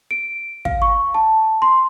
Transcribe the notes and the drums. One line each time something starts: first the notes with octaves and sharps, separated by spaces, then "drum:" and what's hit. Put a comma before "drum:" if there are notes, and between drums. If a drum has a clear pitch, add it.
D7
F5, drum: kick
C#6
A5
C6